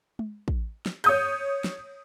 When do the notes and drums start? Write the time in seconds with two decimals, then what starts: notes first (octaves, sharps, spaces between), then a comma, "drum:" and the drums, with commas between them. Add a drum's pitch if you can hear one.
0.19 drum: tom G#3
0.48 drum: kick
0.86 drum: snare
1.04 C#5 D#6 G6, drum: cymbal
1.64 drum: snare